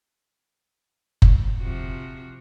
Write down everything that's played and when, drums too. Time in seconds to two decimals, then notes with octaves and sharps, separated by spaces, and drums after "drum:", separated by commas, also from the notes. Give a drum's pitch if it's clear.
1.22 drum: kick F#1
1.59 C3 F3 F#4